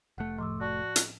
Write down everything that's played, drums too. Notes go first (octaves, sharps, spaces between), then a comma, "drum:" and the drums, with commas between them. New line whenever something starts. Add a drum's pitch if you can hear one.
F1 A3 F#5 F#6 C#7
A2 F3 C6 D6 E6
F#4 D5 A5 C#6
drum: hi-hat